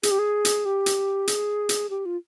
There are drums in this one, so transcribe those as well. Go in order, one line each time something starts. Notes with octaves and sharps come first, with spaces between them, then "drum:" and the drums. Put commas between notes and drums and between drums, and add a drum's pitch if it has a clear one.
G#4, drum: hi-hat
G4
G#4
drum: hi-hat
G4
drum: hi-hat
G#4, drum: hi-hat
drum: hi-hat
G4
F4